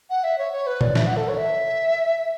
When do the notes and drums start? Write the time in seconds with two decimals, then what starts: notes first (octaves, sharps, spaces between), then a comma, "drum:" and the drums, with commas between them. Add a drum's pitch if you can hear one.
0.10 F#5
0.24 E5
0.38 C#5
0.52 C#5
0.67 B4
0.81 D5, drum: tom A#2
0.95 E5, drum: snare
1.07 F#5
1.16 A4
1.28 C#5
1.38 E5